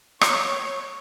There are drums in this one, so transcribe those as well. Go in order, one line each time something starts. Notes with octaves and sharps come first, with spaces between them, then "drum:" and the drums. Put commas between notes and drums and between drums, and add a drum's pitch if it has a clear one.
C#5, drum: rim click